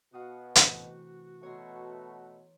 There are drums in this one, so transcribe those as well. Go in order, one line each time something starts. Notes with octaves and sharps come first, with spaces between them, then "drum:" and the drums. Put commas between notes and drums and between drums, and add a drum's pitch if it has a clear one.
B2 F#4 F5 F#5 D#6
C3 E3 A3, drum: hi-hat
B2 A3 C#5 A#5 C6